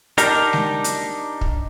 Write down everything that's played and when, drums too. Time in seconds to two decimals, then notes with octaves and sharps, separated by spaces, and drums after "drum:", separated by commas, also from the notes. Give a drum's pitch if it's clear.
0.18 D4 D#4 G4 A#4, drum: hi-hat
0.53 drum: snare G#3
0.84 drum: hi-hat
1.41 drum: kick